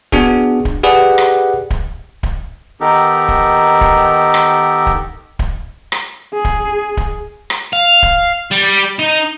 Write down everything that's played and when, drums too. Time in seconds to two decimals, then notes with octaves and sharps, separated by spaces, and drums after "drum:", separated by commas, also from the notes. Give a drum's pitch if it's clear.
0.12 B3 D4 F#4 G#4, drum: kick D1
0.65 drum: kick D1
0.83 G4 G#4 B4 D5 F#5
1.18 drum: rim click
1.70 drum: kick D1
2.23 drum: kick D1
2.81 D#3 B3 D#4 G4 A4 A#4
3.28 drum: kick D1
3.81 drum: kick D1
4.34 drum: rim click
4.87 drum: kick D1
5.39 drum: kick D1
5.92 drum: rim click
6.34 G#4
6.45 drum: kick D1
6.97 drum: kick D1
7.50 drum: rim click
7.73 F5
8.03 drum: kick D1
8.51 G3
8.99 D#4